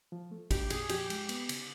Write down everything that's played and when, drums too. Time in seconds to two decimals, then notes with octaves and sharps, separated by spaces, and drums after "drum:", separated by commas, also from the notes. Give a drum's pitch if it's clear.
0.12 F3
0.31 A3
0.51 D4 G4, drum: kick, cymbal
0.70 A#2 G#4, drum: cymbal
0.89 F3 G4, drum: cymbal
1.10 G#3, drum: cymbal
1.29 B3, drum: cymbal
1.49 C#3, drum: cymbal